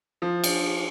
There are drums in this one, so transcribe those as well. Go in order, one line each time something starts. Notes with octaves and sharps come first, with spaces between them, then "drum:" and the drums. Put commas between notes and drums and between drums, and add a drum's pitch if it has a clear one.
F3
drum: cymbal